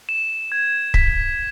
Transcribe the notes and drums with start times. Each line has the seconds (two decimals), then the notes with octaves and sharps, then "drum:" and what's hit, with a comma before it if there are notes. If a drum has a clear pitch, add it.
0.09 E7
0.52 G#6
0.94 B6, drum: kick